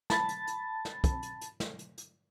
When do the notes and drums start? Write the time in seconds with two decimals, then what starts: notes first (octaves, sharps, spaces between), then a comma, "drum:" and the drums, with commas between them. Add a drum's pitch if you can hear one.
0.10 A5 B5 A6, drum: snare
0.29 drum: hi-hat
0.47 drum: hi-hat
0.85 drum: snare
1.04 drum: kick, hi-hat
1.23 drum: hi-hat
1.41 drum: hi-hat
1.60 drum: snare
1.79 drum: hi-hat
1.98 drum: hi-hat